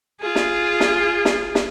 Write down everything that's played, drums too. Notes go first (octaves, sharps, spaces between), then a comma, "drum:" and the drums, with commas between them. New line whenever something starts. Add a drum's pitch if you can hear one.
F4 G#4
drum: snare
drum: snare
drum: snare
drum: snare